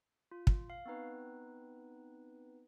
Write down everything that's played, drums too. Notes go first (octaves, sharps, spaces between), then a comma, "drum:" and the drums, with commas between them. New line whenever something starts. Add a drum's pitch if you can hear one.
F4
drum: kick
F5
B3 C4 D#4 B4